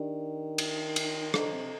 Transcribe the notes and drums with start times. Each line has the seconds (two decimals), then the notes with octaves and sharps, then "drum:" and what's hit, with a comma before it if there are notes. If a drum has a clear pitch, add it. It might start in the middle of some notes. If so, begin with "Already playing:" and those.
Already playing: D#3 D4 G4 D5
0.58 drum: cymbal
0.96 drum: cymbal
1.34 D3 D4 A4 C5 D#5 A#5, drum: rim click
1.53 C3